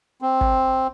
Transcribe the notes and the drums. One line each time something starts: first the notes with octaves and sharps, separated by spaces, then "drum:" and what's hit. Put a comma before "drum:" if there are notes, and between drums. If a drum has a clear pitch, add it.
C4
drum: kick